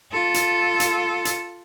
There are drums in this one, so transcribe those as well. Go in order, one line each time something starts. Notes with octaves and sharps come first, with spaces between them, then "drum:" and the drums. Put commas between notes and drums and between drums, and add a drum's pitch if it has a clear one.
F4 A4
drum: hi-hat
drum: hi-hat
drum: hi-hat